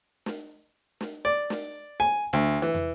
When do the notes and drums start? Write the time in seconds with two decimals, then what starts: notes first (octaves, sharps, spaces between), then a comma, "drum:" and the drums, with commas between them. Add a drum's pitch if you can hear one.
0.26 drum: snare
1.01 drum: snare
1.25 D5
1.50 drum: snare
2.00 G#5
2.33 D2
2.62 E3
2.74 drum: tom